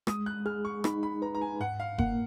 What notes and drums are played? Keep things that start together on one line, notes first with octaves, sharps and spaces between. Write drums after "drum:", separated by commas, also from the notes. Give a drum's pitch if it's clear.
G#3 D#6, drum: rim click
F#6
G#4 F6
C#6
D#4 B5, drum: rim click
B5
B4 A#5
A#5
G#5
G#2 F#5
F5
A#3 F#5, drum: kick F#1